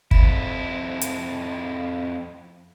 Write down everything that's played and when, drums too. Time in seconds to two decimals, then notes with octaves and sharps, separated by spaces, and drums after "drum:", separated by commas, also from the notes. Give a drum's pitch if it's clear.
0.11 F2 E4, drum: kick
1.01 drum: hi-hat